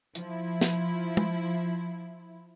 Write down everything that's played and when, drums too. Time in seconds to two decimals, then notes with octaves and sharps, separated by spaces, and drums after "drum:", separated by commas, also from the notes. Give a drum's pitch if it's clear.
0.15 F3 E4, drum: hi-hat
0.61 drum: snare
1.17 drum: tom